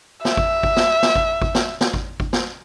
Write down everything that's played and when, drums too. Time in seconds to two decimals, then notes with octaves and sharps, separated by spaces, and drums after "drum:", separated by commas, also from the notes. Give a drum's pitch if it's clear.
0.25 E5, drum: snare
0.37 drum: kick G#1
0.63 drum: kick G#1
0.76 drum: snare
1.02 drum: snare
1.16 drum: kick G#1
1.42 drum: kick G#1
1.55 drum: snare
1.81 drum: snare
1.94 drum: kick G#1
2.20 drum: kick G#1
2.33 drum: snare